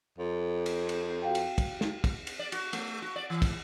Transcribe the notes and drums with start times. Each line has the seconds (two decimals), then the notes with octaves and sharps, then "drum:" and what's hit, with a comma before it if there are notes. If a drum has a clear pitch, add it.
0.18 F2
0.66 drum: cymbal
0.89 drum: cymbal
1.22 F#4 F5 G5
1.35 drum: cymbal
1.58 drum: kick, cymbal
1.81 drum: snare
2.04 drum: kick, cymbal
2.27 drum: cymbal
2.39 D5
2.52 F#4, drum: cymbal
2.73 A3, drum: cymbal
3.02 F#4
3.16 D5
3.30 E3
3.42 drum: kick, cymbal